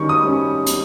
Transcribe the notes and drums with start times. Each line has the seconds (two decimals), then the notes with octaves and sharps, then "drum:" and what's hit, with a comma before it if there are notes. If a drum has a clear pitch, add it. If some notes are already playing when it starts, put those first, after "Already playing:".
Already playing: D#3 G3 C#4 C#6
0.09 D#6
0.24 G3 C#4
0.66 drum: hi-hat